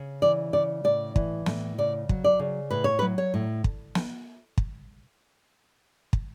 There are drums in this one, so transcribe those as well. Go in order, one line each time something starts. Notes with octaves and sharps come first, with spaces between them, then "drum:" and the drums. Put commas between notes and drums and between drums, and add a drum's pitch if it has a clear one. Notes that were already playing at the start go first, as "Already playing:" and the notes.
Already playing: C#3
E3 D5
C#3 D5
A2 D5
E3, drum: kick
A2, drum: snare
C#3 D5
F#3, drum: kick
D5
C#3
A2 B4
C#5
B4
F#3
C#5
A2
drum: kick
drum: snare
drum: kick
drum: kick